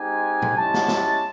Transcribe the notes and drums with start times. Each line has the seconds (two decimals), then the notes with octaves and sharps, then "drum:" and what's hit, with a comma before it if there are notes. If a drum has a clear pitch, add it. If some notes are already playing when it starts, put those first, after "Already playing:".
Already playing: G#3 C4 D#4 G4 G#5
0.42 drum: tom A#2
0.57 G#3 C#4 E4 G4 A5
0.74 drum: snare
0.88 drum: snare